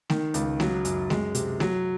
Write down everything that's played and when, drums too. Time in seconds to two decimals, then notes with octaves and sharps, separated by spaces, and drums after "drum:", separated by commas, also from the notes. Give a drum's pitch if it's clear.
0.10 D#3, drum: snare
0.34 C#2, drum: hi-hat
0.60 F#3, drum: snare
0.85 F#2, drum: hi-hat
1.10 G#3, drum: snare
1.35 C3, drum: hi-hat
1.60 F#3, drum: snare